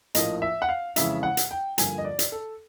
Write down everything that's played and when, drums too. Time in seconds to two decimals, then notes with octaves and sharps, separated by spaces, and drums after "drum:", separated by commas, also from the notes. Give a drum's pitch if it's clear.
0.15 A#1 A2 F3 A#3 D#5, drum: hi-hat
0.42 E5
0.62 F#5
0.69 F5
0.96 F2 C#3 E3 G#3 E5, drum: hi-hat
1.23 F#5
1.37 drum: hi-hat
1.51 G5
1.78 G2 D3 F3 A#3 G#5, drum: hi-hat
1.98 D#5
2.05 D5
2.19 drum: hi-hat
2.32 A4